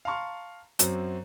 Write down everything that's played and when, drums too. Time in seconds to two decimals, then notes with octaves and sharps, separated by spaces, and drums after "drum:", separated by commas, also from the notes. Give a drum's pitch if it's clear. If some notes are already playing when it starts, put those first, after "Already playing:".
0.05 F5 A5 A#5 C6 C#6 F6
0.79 F#2 F#3 C4, drum: hi-hat